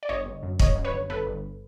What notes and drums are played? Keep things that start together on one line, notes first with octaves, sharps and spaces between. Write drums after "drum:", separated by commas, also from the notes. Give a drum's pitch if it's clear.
D5
G1 C#5 D#5
G1
F#2
G1 C#5 D#5, drum: kick
F#2
B4 C#5
G1
G1 A4 B4
G1